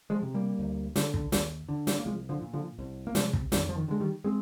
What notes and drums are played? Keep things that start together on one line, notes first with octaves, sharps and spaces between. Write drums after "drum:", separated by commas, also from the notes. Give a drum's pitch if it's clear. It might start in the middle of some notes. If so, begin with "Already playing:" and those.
F3 G#3
C3
G3 A#3
D2
D3, drum: snare
drum: kick
D#2, drum: snare
D3
drum: snare
A#3
C2 F3 G#3
D3 F3
A#2
D3 F3
C2
A#3
C3 F3 G#3, drum: snare
drum: kick
F2 D#3, drum: snare
F3
D#3
D3 G#3
D#3 G3
G#3 C4